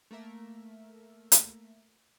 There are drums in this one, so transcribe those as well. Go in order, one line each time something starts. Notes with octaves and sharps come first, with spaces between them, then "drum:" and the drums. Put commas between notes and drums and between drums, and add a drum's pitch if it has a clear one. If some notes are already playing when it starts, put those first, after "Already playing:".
A3 A#3 A#4 E5
drum: hi-hat